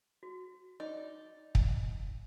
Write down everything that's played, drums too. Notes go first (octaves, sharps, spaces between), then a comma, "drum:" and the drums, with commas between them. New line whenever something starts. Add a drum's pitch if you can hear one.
F#4
D#4 D5
drum: kick